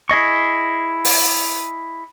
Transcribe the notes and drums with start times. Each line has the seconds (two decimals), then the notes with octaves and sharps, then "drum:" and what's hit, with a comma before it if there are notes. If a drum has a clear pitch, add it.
0.09 E4 G#4 D#5 C#6
1.05 drum: open hi-hat